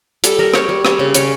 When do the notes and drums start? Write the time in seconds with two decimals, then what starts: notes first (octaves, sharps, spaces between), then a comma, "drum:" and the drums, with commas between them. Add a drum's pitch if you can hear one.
0.24 G3 A4, drum: hi-hat
0.39 G3 A#4
0.54 G3 C#5, drum: rim click
0.69 G3
0.85 G3, drum: rim click
0.99 C#3
1.14 C#3 C#5, drum: hi-hat